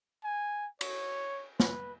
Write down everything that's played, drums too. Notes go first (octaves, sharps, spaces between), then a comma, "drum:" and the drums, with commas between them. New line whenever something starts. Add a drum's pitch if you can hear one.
G#5
C#5, drum: cymbal
B4, drum: snare